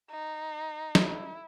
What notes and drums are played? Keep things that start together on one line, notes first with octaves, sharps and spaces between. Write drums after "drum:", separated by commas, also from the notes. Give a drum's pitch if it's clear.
D#4
E4, drum: snare